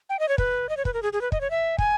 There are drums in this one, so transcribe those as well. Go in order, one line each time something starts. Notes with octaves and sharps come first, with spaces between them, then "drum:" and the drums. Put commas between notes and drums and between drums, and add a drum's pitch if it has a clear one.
G5
D#5
C#5
B4, drum: kick
D#5
C#5
B4, drum: kick
A#4
G#4
G#4
B4
D#5, drum: kick
C#5
E5
G#5, drum: kick